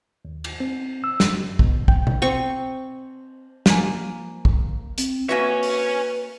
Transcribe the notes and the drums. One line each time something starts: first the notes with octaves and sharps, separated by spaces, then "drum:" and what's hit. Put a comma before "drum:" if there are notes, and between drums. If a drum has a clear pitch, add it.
D#2
drum: cymbal
C4
E6
F#2, drum: snare
B2, drum: kick
G5, drum: kick
drum: tom B2
C4 C#6
F3 A#3 G#5, drum: snare
drum: kick
C4, drum: hi-hat
A#3 F#4 B4 C#5 E5 G#5
drum: open hi-hat